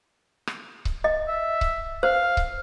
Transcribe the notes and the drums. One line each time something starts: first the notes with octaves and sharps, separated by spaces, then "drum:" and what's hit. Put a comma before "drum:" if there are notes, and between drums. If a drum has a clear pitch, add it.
drum: rim click
drum: kick C#1
D#5
E5
drum: kick C#1
C5 F5
drum: kick C#1